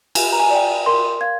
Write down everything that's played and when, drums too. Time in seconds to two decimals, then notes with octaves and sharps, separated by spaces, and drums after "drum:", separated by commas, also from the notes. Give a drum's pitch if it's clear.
0.15 G4 G#5, drum: cymbal
0.33 A#5
0.39 G#5
0.50 D5 G5
0.86 A#4 C6
1.21 F5 G#6